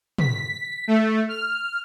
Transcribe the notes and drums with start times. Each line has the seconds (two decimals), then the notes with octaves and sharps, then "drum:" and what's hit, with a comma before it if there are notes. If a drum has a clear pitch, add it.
0.18 B6, drum: tom
0.88 A3
1.28 F6